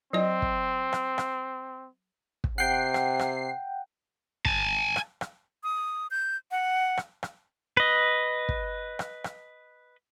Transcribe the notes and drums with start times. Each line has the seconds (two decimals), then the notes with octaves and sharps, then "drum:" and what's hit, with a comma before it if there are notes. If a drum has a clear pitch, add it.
0.13 F#3 C4 D#5
0.42 drum: kick
0.93 drum: rim click
1.18 drum: rim click
2.44 drum: kick
2.58 C3 F#5 G5 C7
2.94 drum: rim click
3.19 drum: rim click
4.45 G#5 A5, drum: kick
4.96 drum: rim click
5.21 drum: rim click
5.64 D#6
6.11 G6
6.51 F#5
6.97 drum: rim click
7.23 drum: rim click
7.77 B4 D#5
8.49 drum: kick
8.99 drum: rim click
9.24 drum: rim click